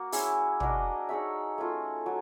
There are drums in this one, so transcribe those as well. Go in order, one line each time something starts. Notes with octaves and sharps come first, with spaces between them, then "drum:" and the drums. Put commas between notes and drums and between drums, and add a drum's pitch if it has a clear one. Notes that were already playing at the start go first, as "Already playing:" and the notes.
Already playing: A#3 F#4
C#4 E4 G#4 C#5, drum: open hi-hat
D4 F#4 A#4 D#5, drum: tom
D#4 G#4 C#5 E5
A3 C#4 F4 A4
F#3